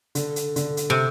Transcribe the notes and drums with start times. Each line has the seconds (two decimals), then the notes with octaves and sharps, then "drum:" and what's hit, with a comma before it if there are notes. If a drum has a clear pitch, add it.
0.15 D3, drum: hi-hat
0.36 drum: hi-hat
0.56 D3, drum: hi-hat
0.77 drum: hi-hat
0.90 C3